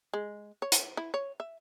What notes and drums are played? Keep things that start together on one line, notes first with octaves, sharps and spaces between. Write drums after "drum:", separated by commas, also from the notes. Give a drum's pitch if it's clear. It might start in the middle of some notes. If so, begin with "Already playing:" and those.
G#3
C#5
drum: hi-hat
E4
C#5
E5